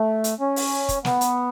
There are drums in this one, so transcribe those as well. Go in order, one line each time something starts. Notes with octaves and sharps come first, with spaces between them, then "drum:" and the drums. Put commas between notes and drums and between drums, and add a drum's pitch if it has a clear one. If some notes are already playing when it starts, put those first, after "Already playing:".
Already playing: A3
drum: hi-hat
C#4
drum: open hi-hat
drum: kick, hi-hat
B3, drum: snare
drum: hi-hat